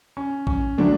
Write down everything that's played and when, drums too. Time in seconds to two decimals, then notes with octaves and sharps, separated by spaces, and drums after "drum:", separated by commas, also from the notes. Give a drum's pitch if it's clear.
0.17 C#4
0.47 C#4, drum: kick A#1
0.78 D3 F#3 A3 D4